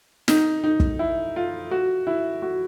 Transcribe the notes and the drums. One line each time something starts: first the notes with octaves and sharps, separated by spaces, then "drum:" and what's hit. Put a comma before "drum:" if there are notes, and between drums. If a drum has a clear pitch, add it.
D#4, drum: snare
D#4
drum: kick
E4
F4
F#4
E4
F#4